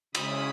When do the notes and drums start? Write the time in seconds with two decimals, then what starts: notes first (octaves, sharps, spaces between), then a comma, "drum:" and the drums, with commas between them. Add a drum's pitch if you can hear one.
0.15 C#3 G#3 C#4 E4 B5 D#6, drum: cymbal